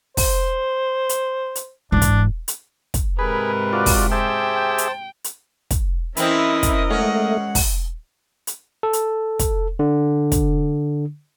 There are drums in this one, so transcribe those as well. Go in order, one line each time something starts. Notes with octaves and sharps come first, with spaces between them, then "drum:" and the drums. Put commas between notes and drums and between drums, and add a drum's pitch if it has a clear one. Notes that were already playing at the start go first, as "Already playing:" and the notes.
C5, drum: kick, open hi-hat
drum: hi-hat
drum: hi-hat
G#2 E3 D4
drum: kick, hi-hat
drum: hi-hat
drum: kick, hi-hat
G#2 C3 G#4 A#4 B4 B5
F4 F#4 D5
drum: kick, open hi-hat
G4 G#4 C5 E5 G5 A5
drum: hi-hat
drum: hi-hat
drum: kick, hi-hat
E3 C4 C#4 E4 A#4 D#5, drum: hi-hat
drum: kick, hi-hat
G#3 A3 C#4 F#5
drum: kick, open hi-hat
drum: hi-hat
A4
drum: hi-hat
drum: kick, hi-hat
D3
drum: kick, hi-hat